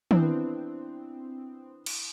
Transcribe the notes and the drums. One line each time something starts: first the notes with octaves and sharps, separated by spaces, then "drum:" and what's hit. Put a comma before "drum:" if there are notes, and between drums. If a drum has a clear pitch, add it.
E3 B3 C4 D4 E4, drum: tom D#3
drum: cymbal